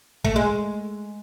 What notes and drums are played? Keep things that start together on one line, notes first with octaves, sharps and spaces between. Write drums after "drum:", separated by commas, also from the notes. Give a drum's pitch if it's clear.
A3, drum: kick
G#3